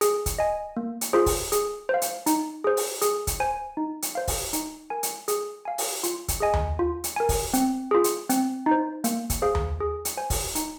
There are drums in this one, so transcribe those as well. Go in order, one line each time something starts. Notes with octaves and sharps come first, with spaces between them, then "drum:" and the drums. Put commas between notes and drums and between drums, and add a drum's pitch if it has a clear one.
G#4, drum: hi-hat
drum: kick, hi-hat
D#5 G#5
A#3
drum: hi-hat
F4 G#4 C5
drum: kick, open hi-hat
G#4, drum: hi-hat
C5 F5
drum: hi-hat
D#4, drum: hi-hat
G#4 C5
drum: open hi-hat
G#4, drum: hi-hat
drum: kick, hi-hat
C5 G#5
D#4
drum: hi-hat
C5 F5
drum: kick, open hi-hat
D#4, drum: hi-hat
A#4 G#5
drum: hi-hat
G#4, drum: hi-hat
F5 G#5
drum: open hi-hat
F4, drum: hi-hat
drum: kick, hi-hat
G#4 D#5 G#5
drum: tom D#2
F4
drum: hi-hat
A#4 G#5
drum: kick, open hi-hat
C4, drum: hi-hat
F4 G#4
drum: hi-hat
C4, drum: hi-hat
D#4
C5
A#3, drum: hi-hat
drum: kick, hi-hat
G#4 C5 F5
drum: tom D#2
G#4
drum: hi-hat
C5 G#5
drum: kick, open hi-hat
D#4, drum: hi-hat